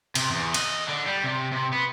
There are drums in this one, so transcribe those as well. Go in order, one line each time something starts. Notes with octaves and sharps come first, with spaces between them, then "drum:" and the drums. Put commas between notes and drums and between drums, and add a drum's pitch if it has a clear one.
C3, drum: cymbal
E2
D#5, drum: cymbal
D3
G3
C3
C3
B3